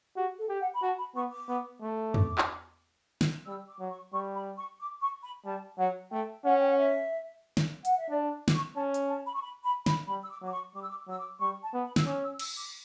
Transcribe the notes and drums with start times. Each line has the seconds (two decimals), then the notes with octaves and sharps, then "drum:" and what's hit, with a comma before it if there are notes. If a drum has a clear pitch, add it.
0.16 F#4 G4
0.38 A4
0.49 G4
0.60 F#5
0.74 B5
0.82 F#4 A5
0.99 B5
1.15 B3 C#6
1.32 D6
1.48 B3
1.82 A3
2.14 D6, drum: tom
2.38 drum: clap
3.21 drum: snare
3.46 G3 E6
3.69 D6
3.79 F#3
3.91 C#6
4.13 G3 C#6
4.35 B5
4.57 C#6
4.79 D6
5.01 C#6
5.23 B5
5.45 G3 A5
5.78 F#3 F#5
6.11 A3 G5
6.44 C#4 F#5
6.59 G5
6.68 F#5
6.78 E5
7.57 drum: snare
7.85 F#5, drum: hi-hat
7.97 E5
8.09 D4 D5
8.48 D6, drum: snare
8.54 C#6
8.76 C#4 A5
8.94 drum: hi-hat
9.09 A5
9.26 B5
9.34 C#6
9.42 B5
9.64 B5
9.86 B5, drum: snare
10.08 G3 B5
10.23 E6
10.30 D6
10.41 F#3
10.47 D6
10.52 C#6
10.74 G3 D6
10.82 E6
10.89 D6
11.07 F#3 E6
11.18 D6
11.41 G3 C#6
11.62 A5
11.73 B3
11.85 B5
11.96 E6, drum: snare
12.06 C#4 D6
12.23 E6
12.39 E6, drum: cymbal
12.56 D6